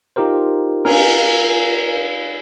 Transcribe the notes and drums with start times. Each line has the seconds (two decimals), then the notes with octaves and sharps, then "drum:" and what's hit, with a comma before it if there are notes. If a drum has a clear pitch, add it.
0.16 D#4 F4 G4 A#4 C5
0.85 A#4 G#5, drum: cymbal